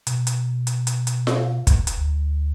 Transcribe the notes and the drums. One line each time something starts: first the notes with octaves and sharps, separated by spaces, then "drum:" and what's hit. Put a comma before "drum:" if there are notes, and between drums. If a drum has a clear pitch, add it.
B2, drum: hi-hat
drum: hi-hat
drum: hi-hat
drum: hi-hat
drum: hi-hat
drum: snare F4
drum: kick, hi-hat
drum: hi-hat
D2